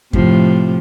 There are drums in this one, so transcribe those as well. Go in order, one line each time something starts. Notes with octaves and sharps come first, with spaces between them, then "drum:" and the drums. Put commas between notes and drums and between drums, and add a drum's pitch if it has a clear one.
A2 C3 F3, drum: kick F#2